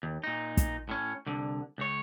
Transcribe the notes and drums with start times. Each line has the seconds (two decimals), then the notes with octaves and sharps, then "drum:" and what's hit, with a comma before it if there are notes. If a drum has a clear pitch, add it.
0.03 D#2
0.24 A#2 D#4
0.57 drum: kick, hi-hat
0.89 A2 C#4
1.26 C2 D3
1.78 C#2 C#5